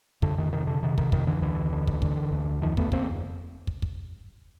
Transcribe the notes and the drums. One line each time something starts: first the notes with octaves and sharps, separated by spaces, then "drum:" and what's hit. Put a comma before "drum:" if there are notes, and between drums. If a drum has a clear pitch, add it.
F2 D3, drum: kick
D#3
C3 D#3
D3
C3 D#3
D#3, drum: kick
F2 D#3, drum: kick
D3 E3
D2 D3 E3
D3
drum: kick
D3, drum: kick
D2
F2 D#3 F3
A3 B3, drum: kick
C#3 A#3 C4, drum: kick
drum: kick
drum: kick